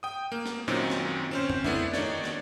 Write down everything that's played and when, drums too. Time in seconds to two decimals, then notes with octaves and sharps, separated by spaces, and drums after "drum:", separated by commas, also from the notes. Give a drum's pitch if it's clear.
0.03 G5 D#6
0.32 A#3
0.46 drum: snare
0.68 F#2 A#2 D#3 C4 C#4 D#4
0.90 drum: snare
1.31 C4 C#4 C5
1.50 drum: tom
1.64 A3 B3 D4 E4, drum: tom
1.94 D#3 D4 D#4 C#5 D5, drum: snare
2.24 drum: snare